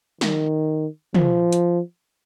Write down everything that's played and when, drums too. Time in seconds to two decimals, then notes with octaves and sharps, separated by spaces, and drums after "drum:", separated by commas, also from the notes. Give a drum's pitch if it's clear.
0.21 D#3, drum: snare
1.14 F3, drum: tom
1.53 drum: hi-hat